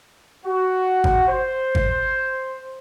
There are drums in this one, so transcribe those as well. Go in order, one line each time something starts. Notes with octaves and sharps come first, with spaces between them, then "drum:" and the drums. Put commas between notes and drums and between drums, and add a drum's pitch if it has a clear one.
F#4
drum: kick G#1
C5
drum: kick G#1